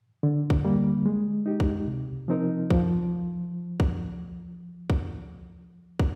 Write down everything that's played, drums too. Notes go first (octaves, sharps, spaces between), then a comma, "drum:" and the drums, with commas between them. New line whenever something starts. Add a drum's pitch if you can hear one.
D3
drum: kick
G3 A#3
G#3
D#4 G4
drum: kick
C3
F3 C4 D#4 A#4
F3, drum: kick
drum: kick
drum: kick
drum: kick